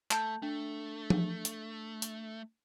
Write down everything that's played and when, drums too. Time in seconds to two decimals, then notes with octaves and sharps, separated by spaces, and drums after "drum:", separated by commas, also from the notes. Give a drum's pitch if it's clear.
0.11 A3 A5 G6, drum: clap
0.42 A3 D4
1.10 drum: tom F3
1.45 drum: hi-hat
2.02 drum: hi-hat